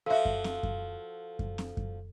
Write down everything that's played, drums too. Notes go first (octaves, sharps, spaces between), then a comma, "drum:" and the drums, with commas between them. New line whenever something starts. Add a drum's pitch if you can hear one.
F3 F#4 A4 E5 F5
drum: kick F#2
drum: snare C4
drum: kick F#2
drum: kick F#2
drum: snare C4
drum: kick F#2